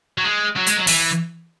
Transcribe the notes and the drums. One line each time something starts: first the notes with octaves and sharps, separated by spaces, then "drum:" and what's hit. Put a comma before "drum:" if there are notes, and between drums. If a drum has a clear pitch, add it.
F#3
G#3
F#3
G#3, drum: hi-hat
F#3
E3, drum: open hi-hat